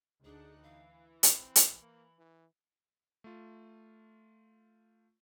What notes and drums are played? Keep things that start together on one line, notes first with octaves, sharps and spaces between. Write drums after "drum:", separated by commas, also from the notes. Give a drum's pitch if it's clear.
D2 D4 D#4 G#4 F#5
E3 F5
C4 B5, drum: hi-hat
drum: hi-hat
A#3
E3
A3 F4